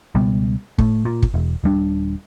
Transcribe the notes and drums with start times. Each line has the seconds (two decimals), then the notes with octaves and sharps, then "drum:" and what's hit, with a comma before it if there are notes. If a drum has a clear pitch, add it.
0.15 C#2 B2 G3 B3
0.78 A2 A3, drum: kick
1.05 A#2
1.22 drum: kick
1.34 E1
1.64 D#1 G3 D4